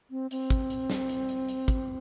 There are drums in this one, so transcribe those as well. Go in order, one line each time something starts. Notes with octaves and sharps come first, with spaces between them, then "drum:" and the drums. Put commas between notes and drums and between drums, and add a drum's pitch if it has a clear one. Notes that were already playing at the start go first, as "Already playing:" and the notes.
C4
C4, drum: hi-hat
drum: kick, hi-hat
drum: hi-hat
drum: snare
drum: hi-hat
drum: hi-hat
drum: hi-hat
drum: kick, hi-hat